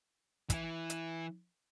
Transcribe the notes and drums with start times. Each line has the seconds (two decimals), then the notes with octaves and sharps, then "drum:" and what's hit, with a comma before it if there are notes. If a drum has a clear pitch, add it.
0.50 E3 E4, drum: kick, hi-hat
0.90 drum: hi-hat